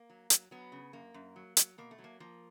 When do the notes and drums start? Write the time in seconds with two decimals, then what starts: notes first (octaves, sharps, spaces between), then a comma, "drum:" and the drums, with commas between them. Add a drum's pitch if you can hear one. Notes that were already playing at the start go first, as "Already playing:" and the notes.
Already playing: A#3
0.10 F#3
0.30 F#3, drum: hi-hat
0.51 F#3 B3
0.72 C#3
0.93 F#2 A#3
1.14 F#2
1.36 F#3
1.57 F#3, drum: hi-hat
1.78 B2 A#3
1.91 A3
1.98 F#3
2.04 A#3
2.20 F3 A#3